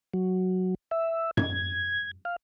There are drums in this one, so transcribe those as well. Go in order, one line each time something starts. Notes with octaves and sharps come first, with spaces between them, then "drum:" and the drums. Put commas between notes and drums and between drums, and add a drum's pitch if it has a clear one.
F#3
E5
G#6, drum: tom F#2
F5